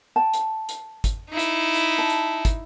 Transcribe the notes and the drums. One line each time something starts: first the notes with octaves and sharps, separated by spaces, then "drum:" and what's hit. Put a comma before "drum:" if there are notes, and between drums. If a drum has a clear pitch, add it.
G5 A5
drum: hi-hat
drum: hi-hat
drum: kick, hi-hat
D#4 E4
drum: hi-hat
drum: hi-hat
A5
drum: hi-hat
drum: kick, hi-hat